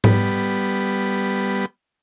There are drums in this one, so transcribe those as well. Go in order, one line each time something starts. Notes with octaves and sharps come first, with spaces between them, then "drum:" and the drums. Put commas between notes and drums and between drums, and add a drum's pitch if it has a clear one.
G3 B3, drum: tom G#2